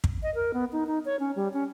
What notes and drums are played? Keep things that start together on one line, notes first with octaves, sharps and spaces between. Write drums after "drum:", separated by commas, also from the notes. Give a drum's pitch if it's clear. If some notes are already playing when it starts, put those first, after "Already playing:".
drum: kick
D#5
A#4
B3
D#4
D#4
C#5
C#4
G3
C#4